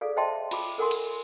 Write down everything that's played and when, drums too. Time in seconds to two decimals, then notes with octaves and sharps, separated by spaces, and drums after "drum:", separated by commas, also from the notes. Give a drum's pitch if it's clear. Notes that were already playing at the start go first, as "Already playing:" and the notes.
0.01 G#4 A4 D5 F5
0.17 C5 D#5 E5 G5 A5 C6
0.51 F4 D6, drum: cymbal
0.78 A4 A#4 F#5 G#5 C6
0.91 drum: cymbal